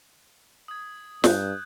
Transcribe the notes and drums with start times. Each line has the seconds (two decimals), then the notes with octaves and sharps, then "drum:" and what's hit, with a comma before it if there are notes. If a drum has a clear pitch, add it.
0.68 D#6 G#6
1.24 G2 F#6 G6, drum: snare